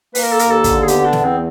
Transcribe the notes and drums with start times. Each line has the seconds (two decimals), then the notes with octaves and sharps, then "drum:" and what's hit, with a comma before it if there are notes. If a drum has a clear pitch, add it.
0.15 A#3 B4, drum: open hi-hat
0.23 A#4
0.32 A4
0.39 D#2 A#4, drum: hi-hat
0.51 A4
0.64 D3, drum: kick, hi-hat
0.82 G#4
0.88 B3 G4, drum: hi-hat
1.06 D4
1.13 E2, drum: snare
1.25 C4